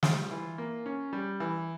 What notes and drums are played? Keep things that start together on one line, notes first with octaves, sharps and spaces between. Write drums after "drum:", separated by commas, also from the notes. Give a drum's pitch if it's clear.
G3 F4, drum: snare
E3
A#3
C#4
G3
E3